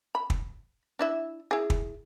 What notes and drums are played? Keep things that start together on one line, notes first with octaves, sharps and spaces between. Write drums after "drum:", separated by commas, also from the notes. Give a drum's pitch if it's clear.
B5
drum: kick
D4 E4 E5
E4 G#4
drum: kick